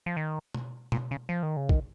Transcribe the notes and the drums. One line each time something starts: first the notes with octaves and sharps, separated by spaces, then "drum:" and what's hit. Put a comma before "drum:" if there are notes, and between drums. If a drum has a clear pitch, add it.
F3
D#3
drum: tom B2
A#2, drum: tom B2
C#3
F3
D#3
C#3
D#3, drum: kick